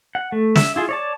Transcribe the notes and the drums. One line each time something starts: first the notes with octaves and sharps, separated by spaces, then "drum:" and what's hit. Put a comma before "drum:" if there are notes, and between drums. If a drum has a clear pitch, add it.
F#5
A3
E5, drum: snare
E4 F4 G#4
C#5 D5 A5